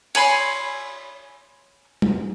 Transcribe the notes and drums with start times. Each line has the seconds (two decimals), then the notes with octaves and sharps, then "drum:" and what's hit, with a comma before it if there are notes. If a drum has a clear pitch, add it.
0.15 C#5 G#5 B5 C6, drum: cymbal
2.02 drum: tom G3